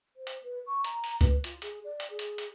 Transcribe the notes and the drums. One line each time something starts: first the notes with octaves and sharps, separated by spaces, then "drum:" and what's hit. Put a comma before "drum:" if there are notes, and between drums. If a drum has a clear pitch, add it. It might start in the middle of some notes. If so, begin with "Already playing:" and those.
C5
drum: hi-hat
B4
C#6
A#5, drum: hi-hat
drum: open hi-hat
B4, drum: kick C#2, hi-hat
F4, drum: hi-hat
G#4, drum: hi-hat
D5
drum: hi-hat
G#4
drum: hi-hat
drum: hi-hat